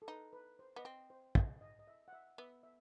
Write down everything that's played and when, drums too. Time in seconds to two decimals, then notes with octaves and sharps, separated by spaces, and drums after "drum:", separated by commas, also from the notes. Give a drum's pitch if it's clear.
0.02 A4
0.08 D#4 B4
0.33 B4
0.59 C5
0.76 B3 D#5
0.84 C4 C5
1.10 C5
1.35 D#5, drum: kick
1.61 D#5
1.79 D#5
1.88 E5
2.08 F#5
2.13 E5
2.38 B3 E5
2.63 E5